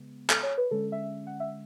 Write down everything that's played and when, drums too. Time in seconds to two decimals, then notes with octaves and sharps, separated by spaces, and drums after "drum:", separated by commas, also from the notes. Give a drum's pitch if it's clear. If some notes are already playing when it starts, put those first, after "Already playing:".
Already playing: C#3 G#3 B3
0.30 A4, drum: clap
0.43 C#5
0.58 B4
0.71 D3 G#3 C#4 A4
0.92 E5
1.27 F#5
1.40 E5